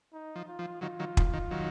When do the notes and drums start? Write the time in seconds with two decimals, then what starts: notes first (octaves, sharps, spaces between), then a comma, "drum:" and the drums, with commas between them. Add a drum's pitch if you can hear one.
0.13 D#4
0.36 F3
0.48 F4
0.59 F3
0.81 D#3 F#3 F4
0.99 D#3 F#3
1.17 F3, drum: kick
1.33 D#3
1.51 D#3 F#3